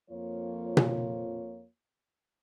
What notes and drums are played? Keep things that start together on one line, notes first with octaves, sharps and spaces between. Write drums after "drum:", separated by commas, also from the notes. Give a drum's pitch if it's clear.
F2 F3 A#3 F4 C#5
drum: tom B2